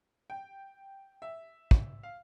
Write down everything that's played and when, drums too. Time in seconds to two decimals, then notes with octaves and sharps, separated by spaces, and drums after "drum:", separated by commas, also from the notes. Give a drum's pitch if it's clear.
0.30 G5
1.22 E5
1.71 drum: kick
2.03 F5